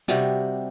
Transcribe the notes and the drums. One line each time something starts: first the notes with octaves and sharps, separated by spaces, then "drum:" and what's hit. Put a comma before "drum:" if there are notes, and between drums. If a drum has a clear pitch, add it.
C3 G3 F#4, drum: hi-hat